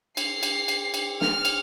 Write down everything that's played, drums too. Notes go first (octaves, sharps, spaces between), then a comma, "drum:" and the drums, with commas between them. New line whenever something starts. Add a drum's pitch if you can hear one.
C7, drum: cymbal
drum: cymbal
drum: cymbal
drum: cymbal
F6, drum: snare
drum: cymbal